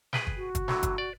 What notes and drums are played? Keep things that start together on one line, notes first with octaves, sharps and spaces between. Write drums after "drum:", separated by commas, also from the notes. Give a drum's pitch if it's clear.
G#4 B4 G5, drum: snare
drum: kick
F#4
drum: kick, hi-hat
A2 D3 F#3, drum: snare
drum: kick, hi-hat
D5